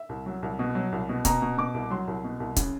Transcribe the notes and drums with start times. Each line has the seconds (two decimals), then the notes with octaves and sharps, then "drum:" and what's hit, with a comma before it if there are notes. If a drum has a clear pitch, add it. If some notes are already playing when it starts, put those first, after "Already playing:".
Already playing: E5
0.09 C2
0.26 F#3
0.42 C2
0.59 B2
0.75 F#3
0.92 C2
1.09 B2
1.25 B2 A#5, drum: kick, hi-hat
1.42 B2
1.58 B2 D6
1.74 C2
1.90 F#3 C6
2.08 C2
2.24 B2
2.40 C2
2.56 C#3, drum: kick, hi-hat